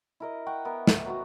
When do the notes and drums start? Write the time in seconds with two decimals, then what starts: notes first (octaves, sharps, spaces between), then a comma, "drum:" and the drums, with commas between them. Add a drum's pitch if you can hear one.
0.20 E4 A#4 D#5
0.46 F#5 G5 C#6
0.65 B3 E4 A#4
0.87 drum: snare
1.05 F#3 B3 F#4